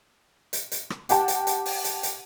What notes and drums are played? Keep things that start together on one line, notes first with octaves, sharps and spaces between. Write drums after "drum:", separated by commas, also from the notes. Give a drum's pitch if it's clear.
drum: hi-hat
drum: hi-hat
drum: rim click
G4 F#5 G5 A5, drum: hi-hat
drum: hi-hat
drum: hi-hat
drum: open hi-hat
drum: hi-hat
drum: hi-hat